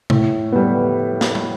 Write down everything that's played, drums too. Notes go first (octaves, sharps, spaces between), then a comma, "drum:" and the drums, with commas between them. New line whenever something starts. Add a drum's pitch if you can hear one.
A2, drum: tom B2
G3 B3
drum: snare
drum: tom